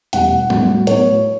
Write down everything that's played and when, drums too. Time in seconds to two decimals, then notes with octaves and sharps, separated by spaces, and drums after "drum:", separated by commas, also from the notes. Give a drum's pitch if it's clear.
0.13 E2 B2 G3 F#5, drum: hi-hat
0.50 A2 F#3 B3, drum: tom G3
0.87 A2 F#3 B3 C#5, drum: hi-hat